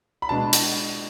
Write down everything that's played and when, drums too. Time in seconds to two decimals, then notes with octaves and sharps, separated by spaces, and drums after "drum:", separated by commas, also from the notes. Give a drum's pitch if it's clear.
0.22 B5
0.29 B2 G#3 D4 A5
0.53 drum: hi-hat